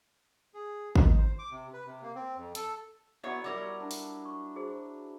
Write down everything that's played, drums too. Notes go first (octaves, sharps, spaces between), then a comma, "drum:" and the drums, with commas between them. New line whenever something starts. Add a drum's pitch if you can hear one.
G#4
D#4, drum: kick
C5
D6
C3
B4
C3
A#3
C4
F2
A4, drum: hi-hat
F#3 B3 E4 C#5 E5
G3 A#4 C#5 B5 D6 E6
D4
drum: open hi-hat
C#6
F#4 G#4 C5